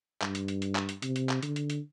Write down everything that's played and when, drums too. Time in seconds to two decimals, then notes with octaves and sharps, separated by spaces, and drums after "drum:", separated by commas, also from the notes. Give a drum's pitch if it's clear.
0.22 G2, drum: clap
0.35 drum: hi-hat
0.48 drum: hi-hat
0.62 drum: hi-hat
0.75 drum: clap
0.89 drum: hi-hat
1.02 C3, drum: hi-hat
1.16 drum: hi-hat
1.29 drum: clap
1.43 D3, drum: hi-hat
1.56 drum: hi-hat
1.70 drum: hi-hat